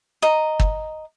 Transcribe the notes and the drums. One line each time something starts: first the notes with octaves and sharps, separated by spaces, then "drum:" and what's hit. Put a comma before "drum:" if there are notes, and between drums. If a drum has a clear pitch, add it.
D#5 A#5
drum: kick